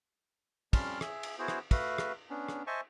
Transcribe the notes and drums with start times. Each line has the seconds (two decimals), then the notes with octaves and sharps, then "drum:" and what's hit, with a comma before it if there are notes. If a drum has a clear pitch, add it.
0.73 F2 G3 C#4 A5 C6 F6, drum: kick, cymbal
1.01 G#4 E5, drum: rim click
1.23 drum: cymbal
1.39 B3 E4 F#4 G#4 C5
1.48 drum: rim click
1.71 A3 F#4 B4 E5 F5, drum: kick, cymbal
1.98 drum: rim click
2.30 B3 C#4 D4
2.49 drum: rim click
2.67 C5 D#5 E5 G#5 A5 C#6